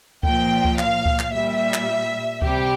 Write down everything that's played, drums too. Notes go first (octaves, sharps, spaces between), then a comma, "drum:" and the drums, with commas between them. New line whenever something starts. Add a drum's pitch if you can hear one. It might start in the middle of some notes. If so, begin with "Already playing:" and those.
A#2 F3 G5, drum: kick C#2
drum: kick C#2
F5, drum: clap
drum: kick C#2
drum: clap
A#2 G3 E5
drum: clap
C3 G3 G4, drum: kick C#2